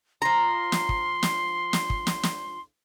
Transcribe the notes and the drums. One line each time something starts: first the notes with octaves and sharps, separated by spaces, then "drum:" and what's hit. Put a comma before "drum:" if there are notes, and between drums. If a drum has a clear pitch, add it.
F3 A#5 C6
drum: snare
drum: kick
drum: snare
drum: snare
drum: kick
drum: snare
drum: snare